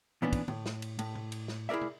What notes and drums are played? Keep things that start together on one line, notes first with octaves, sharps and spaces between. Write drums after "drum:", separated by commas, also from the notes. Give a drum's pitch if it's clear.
A#2 E3 B3 C#4 D4
drum: kick, cymbal
A2, drum: tom D3
drum: snare
drum: cymbal
A2, drum: cymbal
drum: tom
drum: cymbal
drum: snare
E4 G#4 A#4 D5 E5
drum: tom